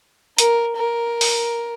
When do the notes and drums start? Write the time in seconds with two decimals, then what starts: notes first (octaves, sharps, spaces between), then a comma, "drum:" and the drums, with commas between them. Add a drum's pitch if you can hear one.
0.38 A#4, drum: hi-hat
0.77 A#4
1.21 drum: open hi-hat